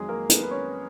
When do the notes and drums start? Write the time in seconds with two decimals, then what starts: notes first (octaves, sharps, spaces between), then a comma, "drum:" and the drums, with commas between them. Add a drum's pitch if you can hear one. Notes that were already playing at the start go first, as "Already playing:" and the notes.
Already playing: F2 D#3 F#3 G#3 G#4
0.09 A#3 A#4
0.29 B3 B4, drum: hi-hat
0.43 B4
0.51 C#4 C#5